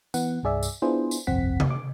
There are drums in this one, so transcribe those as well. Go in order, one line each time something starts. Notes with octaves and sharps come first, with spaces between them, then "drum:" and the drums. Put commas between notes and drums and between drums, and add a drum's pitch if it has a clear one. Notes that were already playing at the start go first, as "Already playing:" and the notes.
E3 B3 F#5, drum: tambourine
C2 G2 G#4 D5 E5
drum: tambourine
B3 D4 E4 F4 G#4 C5
drum: tambourine
G1 C2 F2 C4 F#5 B6
drum: tom C3
D6